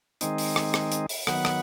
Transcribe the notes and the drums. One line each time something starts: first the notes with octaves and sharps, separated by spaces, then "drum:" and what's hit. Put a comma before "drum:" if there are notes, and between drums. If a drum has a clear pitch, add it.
D#3 G#3 C4 D#4, drum: hi-hat
drum: open hi-hat
drum: rim click
drum: rim click
drum: hi-hat
drum: open hi-hat
D#3 F#3 B3 F#5, drum: rim click
drum: rim click